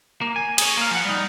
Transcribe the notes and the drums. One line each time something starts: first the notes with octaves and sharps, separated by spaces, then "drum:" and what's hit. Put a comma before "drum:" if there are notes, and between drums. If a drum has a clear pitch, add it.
A#3
G#5
G#4 C#5, drum: cymbal
A#3 F5
F3 F#5
G3 D#4